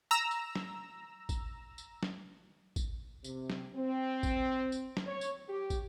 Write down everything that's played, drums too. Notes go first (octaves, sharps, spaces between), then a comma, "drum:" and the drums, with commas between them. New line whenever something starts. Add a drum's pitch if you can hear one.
A#5 E6
drum: tambourine
drum: snare
drum: kick, tambourine
drum: tambourine
drum: snare
drum: kick, tambourine
C3, drum: tambourine
drum: snare
C4
drum: kick, tambourine
drum: tambourine
drum: snare
C#5
drum: tambourine
G4
drum: kick, tambourine